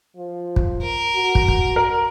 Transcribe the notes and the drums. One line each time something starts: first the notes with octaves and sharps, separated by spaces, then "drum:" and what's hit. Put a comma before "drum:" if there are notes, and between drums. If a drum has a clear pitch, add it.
F3
drum: kick
A#4
F#4
drum: kick
drum: kick
A#4